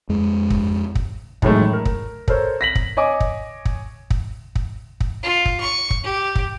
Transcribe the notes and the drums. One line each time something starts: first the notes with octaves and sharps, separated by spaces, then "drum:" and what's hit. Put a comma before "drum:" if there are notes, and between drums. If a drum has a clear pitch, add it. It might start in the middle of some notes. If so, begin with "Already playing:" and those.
F2 G#3
drum: kick
drum: kick
F#2 A2 D#3 E3 G#3 A3, drum: kick
A#4
drum: kick
A4 A#4 C5 C#5, drum: kick
A#6 B6 F#7
drum: kick
C#5 D#5 G#5 D6
drum: kick
drum: kick
drum: kick
drum: kick
drum: kick
F4
drum: kick
C#6
drum: kick
G4
drum: kick